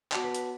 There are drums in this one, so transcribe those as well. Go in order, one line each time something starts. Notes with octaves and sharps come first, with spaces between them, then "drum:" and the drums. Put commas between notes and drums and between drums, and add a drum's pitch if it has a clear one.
B3 F#4 C#5 D5 F#5 A5, drum: clap
B4
drum: hi-hat